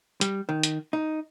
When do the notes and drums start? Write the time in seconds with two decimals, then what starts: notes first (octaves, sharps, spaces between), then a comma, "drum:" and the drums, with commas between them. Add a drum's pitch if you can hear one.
0.21 G3, drum: hi-hat
0.49 D#3
0.63 drum: hi-hat
0.93 D#4